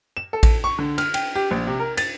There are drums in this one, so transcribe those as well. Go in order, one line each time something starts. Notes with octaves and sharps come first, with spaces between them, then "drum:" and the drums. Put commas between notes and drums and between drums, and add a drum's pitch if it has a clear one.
E7
A4
drum: kick A1, cymbal
C#6
D3
F6, drum: cymbal
G5, drum: cymbal
G4
A#1
C3
A#4
A6, drum: cymbal